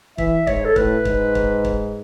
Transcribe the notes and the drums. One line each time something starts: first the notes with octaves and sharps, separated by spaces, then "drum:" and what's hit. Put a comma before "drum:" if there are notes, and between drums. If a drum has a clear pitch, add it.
E3 E5, drum: kick
G#2 C#5, drum: kick
A4
A2 B4, drum: kick
G#2, drum: kick
drum: kick
drum: kick